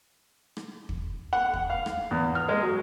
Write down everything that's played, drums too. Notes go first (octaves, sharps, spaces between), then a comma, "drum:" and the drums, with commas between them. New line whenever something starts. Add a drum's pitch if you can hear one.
drum: rim click
drum: kick
F#5
drum: kick
F5
drum: rim click
E2
F6
G#3
F#3